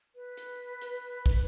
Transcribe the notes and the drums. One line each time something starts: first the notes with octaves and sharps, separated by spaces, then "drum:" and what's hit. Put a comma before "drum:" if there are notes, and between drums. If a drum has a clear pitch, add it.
B4
drum: hi-hat
drum: hi-hat
drum: kick, hi-hat